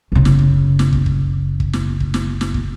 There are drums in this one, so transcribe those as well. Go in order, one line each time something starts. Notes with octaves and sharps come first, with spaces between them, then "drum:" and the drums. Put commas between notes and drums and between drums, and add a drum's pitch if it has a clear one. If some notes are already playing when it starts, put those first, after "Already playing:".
F#1 C#3
drum: snare
drum: kick
drum: snare
drum: kick
drum: kick
drum: kick
drum: snare
drum: kick
drum: snare
drum: snare
drum: kick